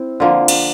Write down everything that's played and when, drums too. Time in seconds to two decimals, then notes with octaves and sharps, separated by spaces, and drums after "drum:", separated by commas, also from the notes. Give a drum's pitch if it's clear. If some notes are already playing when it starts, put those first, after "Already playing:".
Already playing: C4 E4
0.20 D3 F3 A#3
0.48 drum: cymbal